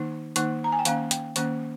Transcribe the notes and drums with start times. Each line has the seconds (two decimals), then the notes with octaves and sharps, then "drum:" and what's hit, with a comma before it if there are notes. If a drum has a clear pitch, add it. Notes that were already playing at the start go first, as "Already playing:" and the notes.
Already playing: D#3 A#3 D#4
0.36 D#3 A#3 D#4, drum: hi-hat
0.64 A#5
0.72 G#5
0.79 G5
0.85 D#3 A#3 C#4 F5, drum: hi-hat
1.11 G5, drum: hi-hat
1.36 D#3 A#3 C#4, drum: hi-hat